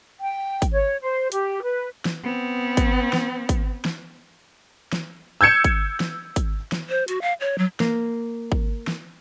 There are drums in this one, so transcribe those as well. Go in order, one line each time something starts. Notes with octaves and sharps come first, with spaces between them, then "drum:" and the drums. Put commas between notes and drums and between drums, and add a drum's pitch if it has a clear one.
G5
drum: kick G#1, hi-hat
C#5
C5
G4, drum: hi-hat
B4
drum: snare
B3 C4
drum: kick G#1, hi-hat
drum: snare
drum: kick G#1, hi-hat
drum: snare
drum: snare
E6 G6 G#6 C#7 E7
drum: kick G#1, hi-hat
drum: snare
drum: kick G#1, hi-hat
drum: snare
C5
F#4, drum: hi-hat
F5
C#5
F#3
A#3, drum: snare
drum: kick G#1
drum: snare